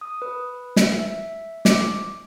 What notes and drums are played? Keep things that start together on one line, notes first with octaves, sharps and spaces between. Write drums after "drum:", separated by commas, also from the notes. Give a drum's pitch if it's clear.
D#6
B4
drum: snare
E5
D6, drum: snare